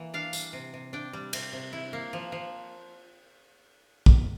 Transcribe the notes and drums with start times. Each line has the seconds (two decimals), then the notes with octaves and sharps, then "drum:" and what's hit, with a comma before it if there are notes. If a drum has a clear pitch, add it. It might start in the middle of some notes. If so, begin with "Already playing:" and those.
Already playing: E3 A#3
0.14 D4 F5
0.33 G3, drum: tambourine
0.53 C3
0.74 C3
0.93 D4 G5
1.13 G3
1.33 C3, drum: cymbal
1.53 C3
1.73 E4
1.93 A#3
2.13 F3
2.32 F3
4.06 drum: kick